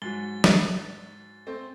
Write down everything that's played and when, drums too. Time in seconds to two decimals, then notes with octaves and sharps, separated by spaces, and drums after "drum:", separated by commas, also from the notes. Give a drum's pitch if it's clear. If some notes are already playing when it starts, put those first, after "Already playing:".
0.02 G#2 F#3 A6 G7
0.44 drum: snare
1.47 A3 C4